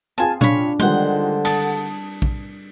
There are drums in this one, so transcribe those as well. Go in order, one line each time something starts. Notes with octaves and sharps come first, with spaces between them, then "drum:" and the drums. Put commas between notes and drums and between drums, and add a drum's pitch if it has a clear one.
C4 F4 G#4 G#5 A5
D4 C#5 B5, drum: tom A#2
D3 D#3 F3 G3 G#3 C5 F#5
A5 D#6, drum: cymbal
drum: kick